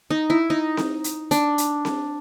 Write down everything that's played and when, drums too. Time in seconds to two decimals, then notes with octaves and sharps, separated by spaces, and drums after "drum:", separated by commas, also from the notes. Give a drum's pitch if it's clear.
0.10 D#4
0.30 E4
0.50 D#4
0.77 drum: snare C4
1.04 drum: hi-hat
1.31 D4, drum: hi-hat
1.58 drum: hi-hat
1.85 drum: snare C4